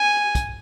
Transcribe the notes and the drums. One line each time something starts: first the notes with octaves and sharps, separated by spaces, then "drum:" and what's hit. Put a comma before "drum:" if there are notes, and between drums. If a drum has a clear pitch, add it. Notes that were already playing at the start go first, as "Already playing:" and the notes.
Already playing: G#5
drum: kick, hi-hat